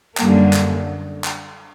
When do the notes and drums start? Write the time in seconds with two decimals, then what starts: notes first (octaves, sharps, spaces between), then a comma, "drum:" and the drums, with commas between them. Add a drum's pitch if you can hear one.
0.17 F#2 D3 G3 A#3, drum: clap
0.53 drum: clap
1.24 drum: clap